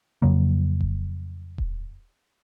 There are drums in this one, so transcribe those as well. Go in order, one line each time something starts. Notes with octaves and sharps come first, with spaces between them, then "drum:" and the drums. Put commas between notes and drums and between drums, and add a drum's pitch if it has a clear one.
F2 C#3 F#3 A#3
drum: kick D#1
drum: kick D#1